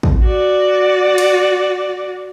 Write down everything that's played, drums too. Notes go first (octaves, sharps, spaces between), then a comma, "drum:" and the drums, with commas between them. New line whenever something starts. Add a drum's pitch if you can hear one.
drum: kick
F#4 D5
drum: cymbal